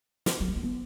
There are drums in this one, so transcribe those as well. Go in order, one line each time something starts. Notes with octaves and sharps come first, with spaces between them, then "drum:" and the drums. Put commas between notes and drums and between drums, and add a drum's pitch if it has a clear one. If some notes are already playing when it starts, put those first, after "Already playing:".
drum: snare
F#3
G#3
A3
B3